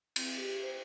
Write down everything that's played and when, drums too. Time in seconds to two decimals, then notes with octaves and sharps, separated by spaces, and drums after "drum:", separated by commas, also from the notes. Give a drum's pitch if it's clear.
0.16 C4, drum: cymbal
0.37 G4
0.63 C5